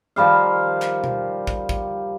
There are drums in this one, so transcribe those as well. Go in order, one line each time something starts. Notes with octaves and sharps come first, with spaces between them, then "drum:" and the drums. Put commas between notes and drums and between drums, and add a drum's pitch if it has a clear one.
D#3 F3 G3 F5
drum: clap
drum: tom B2
drum: kick
drum: kick